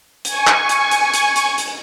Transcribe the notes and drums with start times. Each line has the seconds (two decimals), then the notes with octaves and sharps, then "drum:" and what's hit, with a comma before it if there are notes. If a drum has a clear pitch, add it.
0.25 G#5 C#6, drum: hi-hat
0.47 drum: clap
0.69 drum: hi-hat
0.91 drum: hi-hat
1.14 drum: hi-hat
1.36 drum: hi-hat
1.58 drum: hi-hat